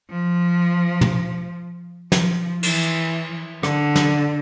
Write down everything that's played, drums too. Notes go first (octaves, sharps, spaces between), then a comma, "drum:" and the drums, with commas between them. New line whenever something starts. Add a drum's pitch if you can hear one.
F3
drum: tom
F3, drum: snare
E3, drum: cymbal
D3, drum: rim click
drum: snare